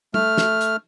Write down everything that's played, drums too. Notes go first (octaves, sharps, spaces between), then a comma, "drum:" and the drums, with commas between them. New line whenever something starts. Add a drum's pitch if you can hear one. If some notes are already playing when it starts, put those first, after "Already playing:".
A3 F6, drum: tom
drum: snare
drum: hi-hat